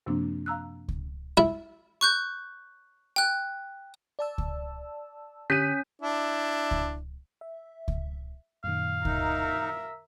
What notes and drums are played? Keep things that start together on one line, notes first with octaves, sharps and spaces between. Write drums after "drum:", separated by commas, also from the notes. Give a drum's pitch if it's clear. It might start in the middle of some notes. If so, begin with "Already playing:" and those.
F#2 C3 F3 A#3 C4 D4
F5 A#5 E6 F#6
drum: kick C#2
E4
C#6 F#6 G6
G5 F#6
D5 A5 E6
drum: kick C#2
D3 C#4 G4 G6 B6 D#7
D4 E4
drum: kick C#2
E5
drum: kick C#2
F#2 A#2 D#3 F5
D#4 A#4 E5, drum: kick C#2